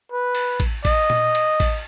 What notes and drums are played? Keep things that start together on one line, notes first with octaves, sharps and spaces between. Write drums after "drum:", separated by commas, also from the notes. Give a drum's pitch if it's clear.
B4
drum: cymbal
drum: kick A1, cymbal
D#5, drum: kick A1, cymbal
drum: tom A#2
drum: cymbal
drum: kick A1, cymbal